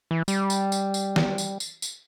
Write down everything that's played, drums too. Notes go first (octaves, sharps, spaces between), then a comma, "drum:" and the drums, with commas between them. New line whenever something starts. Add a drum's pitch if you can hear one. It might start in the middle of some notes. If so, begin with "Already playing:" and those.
E3
G3, drum: tambourine
drum: tambourine
drum: tambourine
drum: tambourine
drum: snare
drum: tambourine
drum: tambourine
drum: tambourine